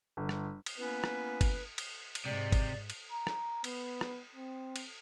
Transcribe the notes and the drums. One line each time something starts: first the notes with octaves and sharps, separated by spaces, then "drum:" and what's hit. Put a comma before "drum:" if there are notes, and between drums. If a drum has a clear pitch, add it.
G1
drum: rim click
drum: cymbal
A#3 B3 C#4 E4 B4
drum: rim click
drum: kick, cymbal
drum: cymbal
drum: cymbal
G#2 C3 D5
drum: kick, cymbal
drum: cymbal
A#5
drum: rim click
B3, drum: cymbal
drum: rim click
C4
drum: cymbal